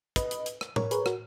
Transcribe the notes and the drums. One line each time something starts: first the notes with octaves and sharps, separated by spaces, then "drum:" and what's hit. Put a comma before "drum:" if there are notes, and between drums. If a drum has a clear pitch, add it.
B4 D#5, drum: kick, hi-hat
drum: hi-hat
drum: hi-hat
drum: rim click
A#4 C#5, drum: tom A2
G#4 B4, drum: hi-hat
F#4 A#4, drum: rim click